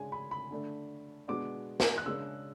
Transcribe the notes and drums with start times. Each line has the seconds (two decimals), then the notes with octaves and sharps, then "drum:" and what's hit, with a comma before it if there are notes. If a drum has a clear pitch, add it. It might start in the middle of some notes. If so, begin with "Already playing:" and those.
Already playing: C#3 G#3 D4 G#5
0.12 B5
0.31 B5
0.51 D3 A3 D4
1.28 B2 G#3 B3 D4 D6
1.80 drum: snare
1.98 F#6
2.06 C#3 G#3 D4 E6